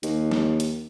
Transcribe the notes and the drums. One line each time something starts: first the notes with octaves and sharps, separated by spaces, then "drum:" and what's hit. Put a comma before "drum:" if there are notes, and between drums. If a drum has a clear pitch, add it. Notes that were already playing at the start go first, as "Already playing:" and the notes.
D#2, drum: hi-hat
drum: snare
drum: hi-hat